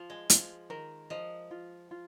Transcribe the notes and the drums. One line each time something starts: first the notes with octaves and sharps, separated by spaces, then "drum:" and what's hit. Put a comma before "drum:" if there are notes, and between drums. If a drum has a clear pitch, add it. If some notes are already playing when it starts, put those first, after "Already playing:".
Already playing: F3 F4
G#3
F3 F4, drum: hi-hat
D#3 A#4
F3 D#5
F4
F4